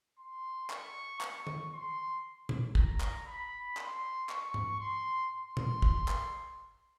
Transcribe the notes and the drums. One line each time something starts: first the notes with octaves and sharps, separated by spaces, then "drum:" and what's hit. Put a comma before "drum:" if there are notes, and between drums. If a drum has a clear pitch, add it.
C6
C#6, drum: clap
C#6, drum: clap
drum: tom
C6
drum: tom A#2
A#5, drum: kick
drum: clap
B5
C6, drum: clap
C#6, drum: clap
drum: tom G#2
C6
C6
drum: tom A#2
drum: kick
drum: clap